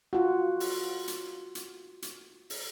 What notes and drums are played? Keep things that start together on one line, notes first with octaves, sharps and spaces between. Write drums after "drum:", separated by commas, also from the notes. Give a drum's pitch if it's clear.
F4 F#4
drum: open hi-hat
drum: hi-hat
drum: hi-hat
drum: hi-hat
drum: open hi-hat